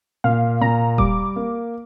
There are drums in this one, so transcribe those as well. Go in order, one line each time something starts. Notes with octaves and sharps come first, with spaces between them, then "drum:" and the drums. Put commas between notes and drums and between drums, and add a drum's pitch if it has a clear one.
A#2 F5
A#2 A#5
G3 D6, drum: kick E1
A#3